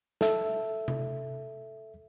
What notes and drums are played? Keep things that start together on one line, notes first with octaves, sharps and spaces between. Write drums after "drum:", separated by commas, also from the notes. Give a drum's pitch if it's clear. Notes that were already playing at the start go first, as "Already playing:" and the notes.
A4 E5, drum: snare
drum: tom C3